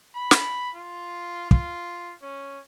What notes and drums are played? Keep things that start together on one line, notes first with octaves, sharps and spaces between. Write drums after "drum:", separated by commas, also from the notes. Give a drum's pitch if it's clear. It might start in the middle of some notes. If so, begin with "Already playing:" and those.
B5
drum: snare
F4
F4, drum: kick
C#4